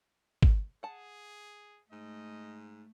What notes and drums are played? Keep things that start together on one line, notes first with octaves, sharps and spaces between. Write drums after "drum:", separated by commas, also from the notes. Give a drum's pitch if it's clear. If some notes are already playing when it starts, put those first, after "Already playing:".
drum: kick
G#4 F#5 A5
G#2 A3 D#5